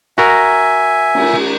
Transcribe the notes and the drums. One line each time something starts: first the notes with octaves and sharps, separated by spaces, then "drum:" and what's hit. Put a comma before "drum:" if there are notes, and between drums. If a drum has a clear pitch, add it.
F#4 A#4 E5 G#5 A#5
drum: cymbal